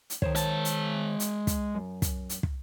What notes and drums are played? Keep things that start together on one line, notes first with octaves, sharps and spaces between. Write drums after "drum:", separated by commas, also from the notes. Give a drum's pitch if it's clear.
drum: hi-hat
D#3 C5 C#5, drum: kick
G#3 A5, drum: hi-hat
drum: hi-hat
drum: hi-hat
drum: kick, hi-hat
F#2
drum: kick, hi-hat
drum: hi-hat
drum: kick